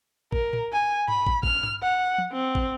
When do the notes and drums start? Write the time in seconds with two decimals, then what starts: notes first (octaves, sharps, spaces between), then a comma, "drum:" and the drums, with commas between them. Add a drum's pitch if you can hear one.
0.32 A#4, drum: kick
0.53 drum: tom A2
0.72 G#5
1.08 B5, drum: tom G2
1.27 drum: kick
1.43 F6, drum: kick
1.63 drum: tom G2
1.82 F#5
2.18 drum: tom
2.32 C4
2.55 drum: kick